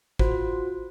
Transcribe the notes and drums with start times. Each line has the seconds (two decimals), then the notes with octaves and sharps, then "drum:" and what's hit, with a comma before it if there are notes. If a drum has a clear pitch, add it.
0.19 F4 F#4 C5, drum: kick